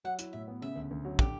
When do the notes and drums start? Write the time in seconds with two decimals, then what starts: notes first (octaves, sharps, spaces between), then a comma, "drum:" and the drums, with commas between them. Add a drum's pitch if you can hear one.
0.04 F#3 F#5
0.19 E4, drum: hi-hat
0.33 A2 E5
0.48 B3
0.62 C#3 E5
0.76 D2
0.91 D2
1.05 F#3
1.19 D3 G4, drum: kick